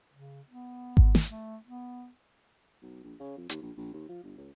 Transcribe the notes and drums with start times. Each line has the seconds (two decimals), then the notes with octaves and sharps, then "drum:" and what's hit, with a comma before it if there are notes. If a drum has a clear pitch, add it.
0.13 C#3
0.49 B3
0.97 drum: kick G#1
1.15 drum: snare
1.29 A3
1.65 B3
2.82 B1
3.04 A#1
3.20 C#3
3.37 F2
3.49 D#2, drum: hi-hat
3.62 A#1
3.77 A#1
3.93 D#2
4.09 F3
4.23 G1
4.37 C#2